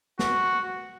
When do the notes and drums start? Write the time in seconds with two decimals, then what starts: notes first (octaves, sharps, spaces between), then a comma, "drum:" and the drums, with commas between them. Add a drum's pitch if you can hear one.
0.19 F#4, drum: snare